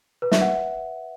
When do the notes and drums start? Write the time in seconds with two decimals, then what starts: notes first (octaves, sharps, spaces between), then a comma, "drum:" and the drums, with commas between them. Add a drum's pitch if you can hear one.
0.22 B4
0.32 E5, drum: snare
0.41 F#5